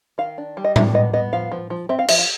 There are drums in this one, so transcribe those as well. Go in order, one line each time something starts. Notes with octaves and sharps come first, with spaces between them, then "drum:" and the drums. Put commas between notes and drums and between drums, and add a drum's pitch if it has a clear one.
D#3 F5
D4
G3
D#5
D4 E5, drum: tom A2
B3 D#5
B3 D#5
F3 F5
F3
F3
C4 E5
F5
F3 E5, drum: cymbal
F5